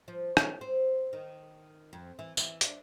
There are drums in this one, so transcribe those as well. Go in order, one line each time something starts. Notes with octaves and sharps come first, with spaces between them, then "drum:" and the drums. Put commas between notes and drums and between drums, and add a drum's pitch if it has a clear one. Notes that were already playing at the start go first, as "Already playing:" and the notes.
F3
C#5, drum: rim click
C4
D#3
F2
E3
E3, drum: tambourine
D4, drum: hi-hat